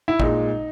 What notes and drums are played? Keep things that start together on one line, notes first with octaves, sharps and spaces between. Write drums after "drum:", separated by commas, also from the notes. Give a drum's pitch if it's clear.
E4
A#2 G#3 D#4, drum: kick